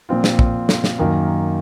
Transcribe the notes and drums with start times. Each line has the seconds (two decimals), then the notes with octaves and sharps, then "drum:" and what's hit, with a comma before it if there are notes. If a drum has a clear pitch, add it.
0.09 A#2 F3 C4 F4
0.24 drum: snare
0.39 drum: kick
0.69 drum: snare
0.84 drum: snare
0.99 F#2 D#3 A#3